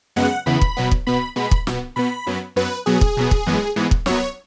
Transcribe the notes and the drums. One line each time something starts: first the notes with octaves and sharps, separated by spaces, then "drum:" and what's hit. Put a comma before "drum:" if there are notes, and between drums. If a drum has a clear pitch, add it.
F#2 C#3 G#3 B3 F#5
E2 C#3 E3 B3 B5
drum: kick
B2 F#3 B3
drum: kick
B2 B3 B5
B2 G#3 B3 B5
drum: kick
B2 B3, drum: snare
B2 B3 B5
F#2 F#3 B3
F#2 F#3 B3 B4
B2 F#3 B3 G#4
drum: kick
B2 F#3 B3
drum: kick
F#2 E3 G#3 B3
G#2 E3 G#3 B3
drum: kick
F#2 F#3 B3 C#5, drum: snare